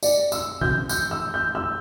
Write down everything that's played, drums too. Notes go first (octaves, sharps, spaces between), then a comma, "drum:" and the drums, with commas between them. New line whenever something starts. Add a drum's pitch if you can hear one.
D5, drum: tambourine
E6, drum: tambourine
G6, drum: tom E3
G6, drum: tambourine
E6
G6
E6